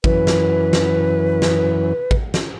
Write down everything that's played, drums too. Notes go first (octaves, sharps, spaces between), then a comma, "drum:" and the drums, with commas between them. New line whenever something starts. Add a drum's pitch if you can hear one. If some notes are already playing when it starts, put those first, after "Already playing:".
F#2 E3 B4, drum: kick
drum: snare
drum: snare
drum: snare
drum: kick
drum: snare